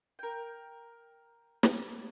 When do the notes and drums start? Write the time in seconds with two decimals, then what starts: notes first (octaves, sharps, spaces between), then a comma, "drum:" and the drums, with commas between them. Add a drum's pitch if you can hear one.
0.19 A#4 G5
1.63 drum: snare